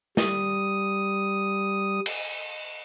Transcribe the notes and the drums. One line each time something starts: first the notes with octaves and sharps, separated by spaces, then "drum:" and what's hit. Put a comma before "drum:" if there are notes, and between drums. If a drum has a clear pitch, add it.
G3 D#6, drum: snare
drum: cymbal